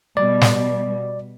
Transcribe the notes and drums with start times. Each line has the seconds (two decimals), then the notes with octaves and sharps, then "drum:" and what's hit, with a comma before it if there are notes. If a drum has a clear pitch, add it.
0.17 B2 G3 D5
0.41 drum: snare